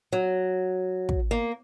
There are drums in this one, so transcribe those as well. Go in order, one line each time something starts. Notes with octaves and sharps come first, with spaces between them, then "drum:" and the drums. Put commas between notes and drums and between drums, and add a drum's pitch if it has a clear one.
F#3
drum: kick
A#3